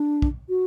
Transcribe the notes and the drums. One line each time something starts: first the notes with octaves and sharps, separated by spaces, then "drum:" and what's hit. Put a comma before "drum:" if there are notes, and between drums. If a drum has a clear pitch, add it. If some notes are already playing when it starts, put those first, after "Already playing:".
Already playing: D4
drum: kick
F#4